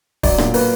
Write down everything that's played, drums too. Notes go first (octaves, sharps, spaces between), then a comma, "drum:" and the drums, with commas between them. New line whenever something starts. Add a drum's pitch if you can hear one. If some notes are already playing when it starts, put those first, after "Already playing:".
F#3 D5, drum: kick D1, open hi-hat
A#2, drum: rim click
A#3 B4, drum: open hi-hat